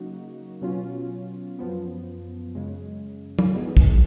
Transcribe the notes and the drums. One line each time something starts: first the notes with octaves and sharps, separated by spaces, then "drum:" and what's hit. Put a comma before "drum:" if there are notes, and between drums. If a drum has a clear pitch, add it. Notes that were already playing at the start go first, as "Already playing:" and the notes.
Already playing: C#3 F#3 A#3 D#4 F#4
B2 F#3 C#4 F4
F#2 F3 B3
F#2 C#3 G#3
drum: tom
F#3 B3 D#4 G#4
drum: kick